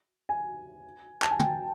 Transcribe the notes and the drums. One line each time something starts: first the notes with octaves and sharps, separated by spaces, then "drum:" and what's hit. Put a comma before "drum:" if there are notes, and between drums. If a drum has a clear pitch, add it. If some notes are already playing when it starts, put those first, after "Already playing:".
G#5
A5, drum: clap
G#5
G5, drum: tom